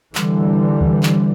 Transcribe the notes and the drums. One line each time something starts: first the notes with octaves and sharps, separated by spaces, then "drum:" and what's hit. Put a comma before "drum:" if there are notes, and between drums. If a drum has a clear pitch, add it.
D3 E3 G3, drum: clap
drum: kick D2
drum: clap